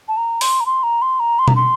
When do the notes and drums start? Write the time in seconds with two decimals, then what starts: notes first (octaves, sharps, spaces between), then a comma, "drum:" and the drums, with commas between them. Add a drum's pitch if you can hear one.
0.08 A5
0.17 A#5
0.41 C6, drum: open hi-hat
0.60 A#5
0.66 C6
0.83 A#5
1.02 C6
1.20 A#5
1.39 C6
1.48 A#5, drum: tom B2
1.56 C6